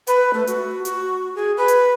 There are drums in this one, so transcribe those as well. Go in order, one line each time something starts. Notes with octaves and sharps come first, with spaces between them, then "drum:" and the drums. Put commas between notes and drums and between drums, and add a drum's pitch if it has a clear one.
B4, drum: hi-hat
A3
F#4, drum: hi-hat
F#4, drum: hi-hat
G#4
B4
drum: hi-hat